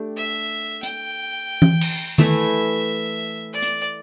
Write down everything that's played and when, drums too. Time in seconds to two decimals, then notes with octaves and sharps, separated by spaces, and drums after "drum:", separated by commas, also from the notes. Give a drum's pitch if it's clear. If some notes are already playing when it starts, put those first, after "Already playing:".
Already playing: A3 D4 G4
0.17 E5
0.83 G5, drum: hi-hat
1.62 drum: tom E3
1.81 drum: cymbal
2.18 E3 A3 E4 E5, drum: tom D#3
3.53 D5
3.62 drum: hi-hat